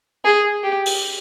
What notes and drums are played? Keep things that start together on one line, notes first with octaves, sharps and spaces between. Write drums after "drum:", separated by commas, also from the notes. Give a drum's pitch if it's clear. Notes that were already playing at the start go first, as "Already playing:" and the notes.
G#4
G4
drum: open hi-hat